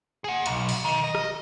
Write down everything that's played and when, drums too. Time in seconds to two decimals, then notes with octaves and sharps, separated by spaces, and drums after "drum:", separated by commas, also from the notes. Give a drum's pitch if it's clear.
0.24 G#4 F#5
0.46 B1, drum: hi-hat
0.69 drum: open hi-hat
0.85 D#3
1.04 D#5
1.15 drum: rim click